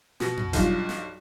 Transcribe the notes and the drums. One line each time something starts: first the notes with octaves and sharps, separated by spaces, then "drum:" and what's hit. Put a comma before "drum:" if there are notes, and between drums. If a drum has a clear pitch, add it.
B2 A#6, drum: snare
drum: tom F2
B1 G2 F4, drum: kick F#1, hi-hat
drum: snare